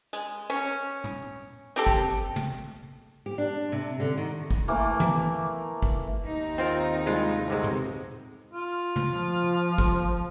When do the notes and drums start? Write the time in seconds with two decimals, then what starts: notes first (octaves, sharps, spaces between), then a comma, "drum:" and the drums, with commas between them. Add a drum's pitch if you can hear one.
0.13 G#3
0.50 C#4
1.04 drum: tom
1.76 C4 G4 A4
1.87 drum: kick
2.36 drum: tom
3.26 G4
3.38 D4
3.72 C3
4.00 D3
4.17 D#3
4.50 drum: kick
4.68 E3 A3 A#3
5.00 drum: tom
5.82 drum: kick
6.25 D#2 D#4
6.58 C4 F4 A#4
7.06 C2 G#3 F4
7.48 G1 C3 G#3
7.64 drum: tom
8.53 F4
8.96 drum: tom
9.08 F3
9.78 drum: kick